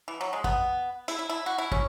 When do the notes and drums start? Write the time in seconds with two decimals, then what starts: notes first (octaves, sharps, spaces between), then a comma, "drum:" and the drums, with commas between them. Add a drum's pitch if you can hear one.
0.08 E3
0.21 F#3
0.33 G#3
0.44 B3, drum: kick
1.08 E4, drum: hi-hat
1.19 E4
1.29 E4
1.46 F#4
1.58 E4
1.72 C#4, drum: kick